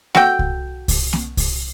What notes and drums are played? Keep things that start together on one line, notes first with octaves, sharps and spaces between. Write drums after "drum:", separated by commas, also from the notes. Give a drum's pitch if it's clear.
F#4 A4 G5, drum: snare A#3
drum: kick C2
drum: kick C2, open hi-hat
drum: snare A#3
drum: kick C2, open hi-hat